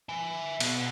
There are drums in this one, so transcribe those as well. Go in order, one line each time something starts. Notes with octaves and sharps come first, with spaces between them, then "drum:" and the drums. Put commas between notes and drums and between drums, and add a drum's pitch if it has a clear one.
E5 G#5
B2, drum: cymbal